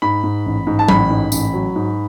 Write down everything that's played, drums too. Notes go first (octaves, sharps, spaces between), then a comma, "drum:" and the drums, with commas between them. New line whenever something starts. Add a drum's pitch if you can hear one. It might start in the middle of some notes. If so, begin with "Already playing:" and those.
G#2 B5
G#2
A1
G#2
A5
A1 B5, drum: tom F#3
G#2
A1, drum: tambourine
F#3
G#2